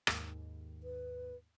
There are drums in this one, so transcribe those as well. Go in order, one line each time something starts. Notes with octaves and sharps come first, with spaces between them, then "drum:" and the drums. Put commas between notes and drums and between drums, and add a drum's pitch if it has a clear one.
D#2 G#2, drum: rim click
B4